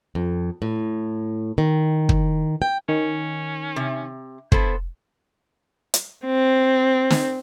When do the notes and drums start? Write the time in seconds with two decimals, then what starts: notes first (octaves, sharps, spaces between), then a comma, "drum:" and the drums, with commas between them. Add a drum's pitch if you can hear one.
0.15 F2
0.62 A2
1.58 D#3
2.09 drum: kick
2.62 G5
2.89 D#3 C#4
3.76 C3
4.52 B3 E4 A4 C5, drum: kick
5.94 drum: hi-hat
6.26 C4
7.10 drum: snare